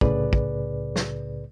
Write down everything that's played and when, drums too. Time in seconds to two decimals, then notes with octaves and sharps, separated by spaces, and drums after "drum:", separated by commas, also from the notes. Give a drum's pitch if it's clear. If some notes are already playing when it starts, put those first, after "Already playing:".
0.01 C2 A2 C#3 G#4 B4 D5, drum: kick
0.33 drum: kick
0.96 drum: snare